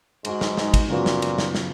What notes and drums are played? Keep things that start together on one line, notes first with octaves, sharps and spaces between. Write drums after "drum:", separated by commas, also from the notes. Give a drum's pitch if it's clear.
G#2 G#3 D#4 F#4, drum: cymbal
drum: snare
G#3 D#4 F#4, drum: snare
drum: kick, cymbal
F#2 A#2 C#3 F3 B3 F#4
drum: snare
drum: cymbal
drum: snare
drum: snare